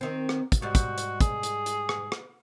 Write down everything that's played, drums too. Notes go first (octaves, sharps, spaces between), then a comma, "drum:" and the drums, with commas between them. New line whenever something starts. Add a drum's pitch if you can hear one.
D#3 C4
drum: rim click
drum: kick, hi-hat
G#2 G3 F#4
drum: kick, hi-hat
drum: hi-hat
G#4, drum: kick, hi-hat
drum: hi-hat
drum: hi-hat
drum: rim click
drum: rim click